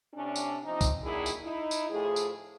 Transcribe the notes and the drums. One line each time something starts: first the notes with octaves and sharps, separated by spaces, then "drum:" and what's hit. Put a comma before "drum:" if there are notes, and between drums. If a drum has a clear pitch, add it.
A2 C3 C#4 D4
drum: tambourine
C3 F3 C4 D#4
drum: kick C2, tambourine
F#2 A#2 D#3 D4 E4 G#4
drum: tambourine
D#4 E4
drum: tambourine
D2 A2 F3 G#4
drum: tambourine